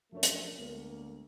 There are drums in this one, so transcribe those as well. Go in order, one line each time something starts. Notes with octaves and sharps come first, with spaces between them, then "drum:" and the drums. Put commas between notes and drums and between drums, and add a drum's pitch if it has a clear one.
F#2 F3 A3 D4 A#4 C#5
drum: hi-hat
D2 G#3 A#3 B3